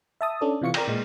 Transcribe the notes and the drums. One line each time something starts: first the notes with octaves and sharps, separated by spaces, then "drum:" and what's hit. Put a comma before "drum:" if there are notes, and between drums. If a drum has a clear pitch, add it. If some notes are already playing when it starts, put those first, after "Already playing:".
E5 A5 D#6
C#4 D4 A4 D5
C3 E3 F4 C#6 C#7
A#4 D5 G5 A#6, drum: cymbal
A#2 G#3